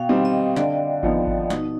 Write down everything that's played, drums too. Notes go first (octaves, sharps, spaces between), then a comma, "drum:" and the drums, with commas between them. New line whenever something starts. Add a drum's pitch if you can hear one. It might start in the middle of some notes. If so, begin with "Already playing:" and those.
Already playing: B2 F5 G5
G3 C4 D#4
D#5
D3 D5, drum: snare
F3 B3 D#4, drum: kick G#1
drum: kick G#1
B2 D#4, drum: snare